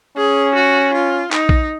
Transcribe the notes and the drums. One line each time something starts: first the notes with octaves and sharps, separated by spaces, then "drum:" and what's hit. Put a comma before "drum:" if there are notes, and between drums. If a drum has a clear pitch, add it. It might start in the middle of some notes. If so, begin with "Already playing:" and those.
C#4 G#4
F#4
F4
D#4, drum: clap
drum: kick A#1